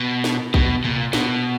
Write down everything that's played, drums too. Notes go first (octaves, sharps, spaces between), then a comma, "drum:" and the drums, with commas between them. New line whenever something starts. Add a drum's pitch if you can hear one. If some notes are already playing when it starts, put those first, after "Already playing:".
Already playing: B2
drum: snare
B2, drum: kick
A#2, drum: tom B2
B2, drum: snare